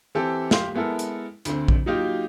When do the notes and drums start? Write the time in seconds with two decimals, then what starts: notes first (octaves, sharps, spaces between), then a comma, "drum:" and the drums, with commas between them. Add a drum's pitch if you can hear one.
0.15 E3 C4 G4 A4
0.51 G4 F5 C6, drum: snare
0.74 G#3 B3 E4 A4 A#4
0.99 drum: hi-hat
1.45 D2 D3 C4, drum: hi-hat
1.68 drum: kick A#1
1.86 F#3 A#3 D#4 F4 G4